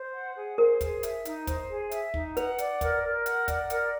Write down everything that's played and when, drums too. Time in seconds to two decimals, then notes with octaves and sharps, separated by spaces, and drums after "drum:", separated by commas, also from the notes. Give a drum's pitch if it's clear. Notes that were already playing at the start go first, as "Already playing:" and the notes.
Already playing: C5
0.13 F#5
0.36 G#4
0.58 A#4 C5
0.81 G#4, drum: kick, hi-hat
1.03 E5, drum: hi-hat
1.25 D#4, drum: hi-hat
1.47 C5, drum: kick, hi-hat
1.69 G#4
1.91 E5, drum: hi-hat
2.14 D#4, drum: kick
2.37 B4 F#5, drum: hi-hat
2.58 D5, drum: hi-hat
2.81 A#4, drum: kick, hi-hat
3.03 A#4
3.26 F#5, drum: hi-hat
3.48 D5, drum: kick, hi-hat
3.70 A#4, drum: hi-hat